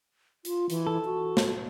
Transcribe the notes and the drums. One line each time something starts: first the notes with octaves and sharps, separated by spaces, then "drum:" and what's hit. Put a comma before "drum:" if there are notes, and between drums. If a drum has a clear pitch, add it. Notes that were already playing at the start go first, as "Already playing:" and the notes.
F4, drum: hi-hat
E3, drum: hi-hat
A4
F#4
drum: snare